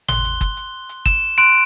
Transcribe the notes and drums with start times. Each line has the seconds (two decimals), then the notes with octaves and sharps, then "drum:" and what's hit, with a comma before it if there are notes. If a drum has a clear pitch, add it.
0.08 C6 F#6 G7, drum: tom G#1
0.25 drum: hi-hat
0.41 drum: kick, hi-hat
0.57 drum: hi-hat
0.89 drum: hi-hat
1.06 E7, drum: kick
1.38 C6 F#6 D7, drum: hi-hat